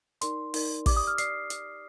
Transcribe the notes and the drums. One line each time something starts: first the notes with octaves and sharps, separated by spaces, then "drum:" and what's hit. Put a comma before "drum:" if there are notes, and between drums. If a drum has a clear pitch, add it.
D#4 A#4 D5 C6, drum: hi-hat
D#4 A#4 D5, drum: open hi-hat
G4 D5 D6, drum: kick, open hi-hat
D#6
F6
D5 C7, drum: hi-hat
drum: hi-hat